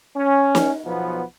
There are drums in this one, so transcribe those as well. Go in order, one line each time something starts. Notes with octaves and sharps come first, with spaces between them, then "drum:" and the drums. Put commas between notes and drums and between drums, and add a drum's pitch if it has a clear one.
C#4
drum: snare
B1 F3 B3